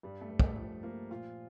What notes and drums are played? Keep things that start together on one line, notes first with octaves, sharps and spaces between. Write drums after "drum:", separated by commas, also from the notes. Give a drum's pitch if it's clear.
G2 G3
A3
G2
A3, drum: kick
F3 A3
F3 A#3
A#2 F4